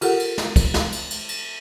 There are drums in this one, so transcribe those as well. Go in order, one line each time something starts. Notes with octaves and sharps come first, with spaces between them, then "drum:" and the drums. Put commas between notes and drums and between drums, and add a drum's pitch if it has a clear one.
F4 G4 A4 A#4 F#5, drum: cymbal
drum: cymbal
drum: snare
drum: kick, cymbal
drum: snare
drum: cymbal
drum: cymbal
drum: cymbal